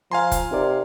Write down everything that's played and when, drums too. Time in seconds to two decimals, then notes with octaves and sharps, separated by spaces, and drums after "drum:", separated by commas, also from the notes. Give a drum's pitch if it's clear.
0.11 F3 F5 G#5 A#5 C6
0.32 drum: kick, hi-hat
0.51 C3 D#4 A#4 D5